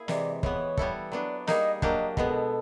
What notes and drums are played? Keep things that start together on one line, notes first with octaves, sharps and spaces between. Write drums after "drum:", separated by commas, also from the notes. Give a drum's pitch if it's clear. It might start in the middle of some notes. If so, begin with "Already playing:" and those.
Already playing: A#3 E4 G#4
C3 E3 G#3 D5, drum: snare
E3 G#3 B3 C#5, drum: kick
G3 B3 E4 A4, drum: kick
F#3 B3 D4 D5
G3 A#3 D#4 G#4 D#5, drum: snare
F#3 A#3 D4 G4 D#5, drum: kick
B2 G#3 B3 A4, drum: kick